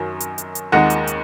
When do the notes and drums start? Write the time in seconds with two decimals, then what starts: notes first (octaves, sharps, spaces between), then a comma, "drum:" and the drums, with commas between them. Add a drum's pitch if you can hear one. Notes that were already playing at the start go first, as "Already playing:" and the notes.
Already playing: F#2 D#3 F#3
0.20 drum: hi-hat
0.38 drum: hi-hat
0.55 drum: hi-hat
0.72 D#2 D#3 G#3 D#4 F#5
0.90 drum: hi-hat
1.07 drum: hi-hat